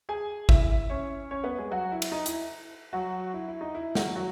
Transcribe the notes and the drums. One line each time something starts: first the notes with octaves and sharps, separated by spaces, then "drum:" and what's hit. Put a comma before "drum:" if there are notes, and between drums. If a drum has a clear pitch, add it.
G#4 G#5
E4 E5, drum: kick G#1
C#4 C#5
C#4 C#5
B3 B4
G#3 G#4
F#3 F#4
E4
drum: cymbal
D#4
E4, drum: hi-hat
F#3 F#4
E4
E4
D#4
E4
F#3 F#4, drum: snare
F#3 F#4